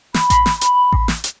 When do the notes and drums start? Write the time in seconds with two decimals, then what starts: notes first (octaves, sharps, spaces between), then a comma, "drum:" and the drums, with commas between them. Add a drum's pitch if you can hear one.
0.14 B5, drum: snare
0.30 drum: kick A1, hi-hat
0.46 drum: snare
0.61 drum: hi-hat
0.93 drum: kick A1
1.08 drum: snare
1.24 drum: hi-hat